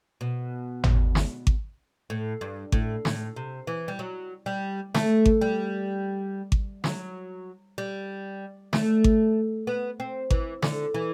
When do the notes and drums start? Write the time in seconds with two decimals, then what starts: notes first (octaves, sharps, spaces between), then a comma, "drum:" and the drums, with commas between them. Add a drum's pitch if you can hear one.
0.21 B2
0.84 drum: tom G#1
1.15 drum: snare
1.47 drum: kick G#1
2.10 A2
2.41 G2
2.72 A2, drum: kick G#1
3.05 A2, drum: snare
3.36 C3
3.67 E3
3.88 G3
3.99 F#3
4.46 G3
4.95 A3, drum: snare
5.26 drum: kick G#1
5.41 G3
6.52 drum: kick G#1
6.84 F#3, drum: snare
7.78 G3
8.73 A3, drum: snare
9.04 drum: kick G#1
9.67 B3
10.00 C4
10.30 E3, drum: kick G#1
10.62 D3, drum: snare
10.94 E3